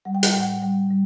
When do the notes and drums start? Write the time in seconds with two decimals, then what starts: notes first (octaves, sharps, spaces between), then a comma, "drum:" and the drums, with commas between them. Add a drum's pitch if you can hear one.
0.05 G3 F#5
0.15 G5
0.23 F#5, drum: hi-hat
0.32 A2 G5
0.40 F#5
0.62 G3 G5
0.90 G3